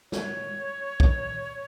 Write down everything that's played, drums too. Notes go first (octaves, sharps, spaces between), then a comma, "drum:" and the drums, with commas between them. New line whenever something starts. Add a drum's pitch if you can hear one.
C#5, drum: snare
drum: kick